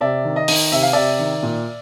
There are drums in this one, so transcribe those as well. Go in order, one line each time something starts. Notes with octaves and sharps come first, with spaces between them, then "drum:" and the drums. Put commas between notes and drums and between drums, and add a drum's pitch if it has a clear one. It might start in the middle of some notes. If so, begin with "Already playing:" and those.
C3 D5 E5
D#3
D#5
D#3, drum: open hi-hat
C3 E5
F5
C3 D5 E5
D#3
A#2